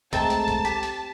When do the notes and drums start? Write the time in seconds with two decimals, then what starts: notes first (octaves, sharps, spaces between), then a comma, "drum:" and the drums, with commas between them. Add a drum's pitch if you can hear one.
0.13 G#3 A3 C4 A5 A#5 A6, drum: kick C2, hi-hat
0.30 drum: hi-hat
0.48 drum: kick C2, hi-hat
0.65 G4 B6, drum: hi-hat
0.83 drum: hi-hat